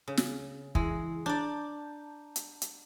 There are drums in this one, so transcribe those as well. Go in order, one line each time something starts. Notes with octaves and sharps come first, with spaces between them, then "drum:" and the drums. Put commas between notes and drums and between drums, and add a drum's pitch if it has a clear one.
C#3
drum: snare
E3 G#3 E4 G#4, drum: kick
D4 D5 A5 A#5 G6
drum: hi-hat
drum: hi-hat